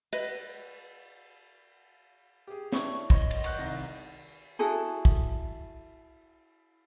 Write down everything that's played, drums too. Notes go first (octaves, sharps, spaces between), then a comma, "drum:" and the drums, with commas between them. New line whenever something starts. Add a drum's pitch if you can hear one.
B4 D#5, drum: cymbal
G4 G#4
D4 E4 C#5 C#6, drum: snare
C#5 D#5 C6 C#6, drum: kick
drum: cymbal
C#6 F#6 G6, drum: cymbal
C2 D#3 A#6
E4 F#4 G#4 A4
drum: kick